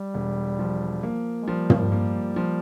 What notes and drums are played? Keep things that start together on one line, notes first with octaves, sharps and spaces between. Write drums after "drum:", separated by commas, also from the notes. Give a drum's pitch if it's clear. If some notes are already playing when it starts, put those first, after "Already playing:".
Already playing: G3
E1
F3
A#3
G#3
F3 G3
drum: tom
A#3
F3